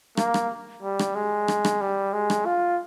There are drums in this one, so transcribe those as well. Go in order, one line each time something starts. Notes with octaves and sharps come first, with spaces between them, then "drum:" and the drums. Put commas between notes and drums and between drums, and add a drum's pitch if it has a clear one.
A#3, drum: rim click
drum: rim click
G3
drum: rim click
G#3
drum: rim click
drum: rim click
G3
G#3
drum: rim click
F4